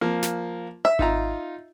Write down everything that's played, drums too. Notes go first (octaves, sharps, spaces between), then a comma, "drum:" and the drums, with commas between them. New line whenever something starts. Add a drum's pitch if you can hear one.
F3 A#3
drum: snare
E5
D#4 F4 A#5, drum: kick G#1